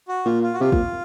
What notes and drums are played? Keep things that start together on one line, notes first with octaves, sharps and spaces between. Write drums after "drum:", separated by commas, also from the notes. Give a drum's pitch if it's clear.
F#4
A#2 F4
F4
F#4
C3 F4
A#2, drum: kick